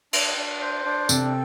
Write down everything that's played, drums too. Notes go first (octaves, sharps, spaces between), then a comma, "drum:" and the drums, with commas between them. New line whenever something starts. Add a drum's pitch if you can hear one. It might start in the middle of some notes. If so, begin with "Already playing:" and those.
D4, drum: cymbal
D4
C5
D4
C3 C4 A4, drum: tambourine